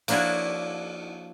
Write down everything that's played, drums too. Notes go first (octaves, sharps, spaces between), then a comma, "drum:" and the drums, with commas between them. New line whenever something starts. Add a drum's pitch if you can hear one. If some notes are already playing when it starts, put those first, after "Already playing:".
F3 A#3 D4 E4 F#4 C#5, drum: cymbal